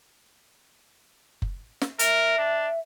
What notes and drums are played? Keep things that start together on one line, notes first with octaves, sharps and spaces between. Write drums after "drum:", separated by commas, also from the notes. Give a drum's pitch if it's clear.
drum: kick F#1
drum: snare
A#4 E5, drum: hi-hat
D4